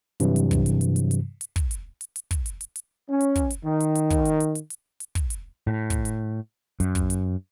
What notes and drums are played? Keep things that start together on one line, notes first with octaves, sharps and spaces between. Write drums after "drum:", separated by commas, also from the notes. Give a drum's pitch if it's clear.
G2 C3 E3 F#3, drum: hi-hat
drum: hi-hat
drum: kick, hi-hat
drum: hi-hat
drum: hi-hat
drum: hi-hat
drum: hi-hat
drum: hi-hat
drum: kick, hi-hat
drum: hi-hat
drum: hi-hat
drum: hi-hat
drum: kick, hi-hat
drum: hi-hat
drum: hi-hat
drum: hi-hat
C#4
drum: hi-hat
drum: kick, hi-hat
drum: hi-hat
D#3
drum: hi-hat
drum: hi-hat
drum: kick, hi-hat
drum: hi-hat
drum: hi-hat
drum: hi-hat
drum: hi-hat
drum: hi-hat
drum: kick, hi-hat
drum: hi-hat
A2
drum: kick, hi-hat
drum: hi-hat
F#2, drum: hi-hat
drum: kick, hi-hat
drum: hi-hat